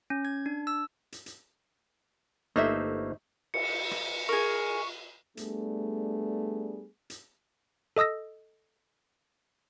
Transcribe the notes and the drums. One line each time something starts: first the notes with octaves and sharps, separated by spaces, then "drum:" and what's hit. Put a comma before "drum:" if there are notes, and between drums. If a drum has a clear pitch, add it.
C#4
G#6
D4
E6
drum: hi-hat
drum: hi-hat
G1 A3 A#3 D#4 C5 E5
C#7, drum: cymbal
drum: rim click
G#4 A#4 C#6
G3 A3 B3 D4 G#4, drum: hi-hat
drum: hi-hat
A4 D#5 D#6 E6 A#6